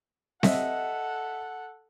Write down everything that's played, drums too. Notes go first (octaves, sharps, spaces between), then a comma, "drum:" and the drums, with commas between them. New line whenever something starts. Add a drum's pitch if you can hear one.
A4 D#5 E5 F#5, drum: snare C4